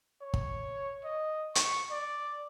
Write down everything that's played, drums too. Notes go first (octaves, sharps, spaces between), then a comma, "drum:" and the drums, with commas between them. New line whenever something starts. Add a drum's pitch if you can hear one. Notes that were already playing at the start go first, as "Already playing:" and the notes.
C#5
drum: kick
D#5
C#6, drum: hi-hat
D5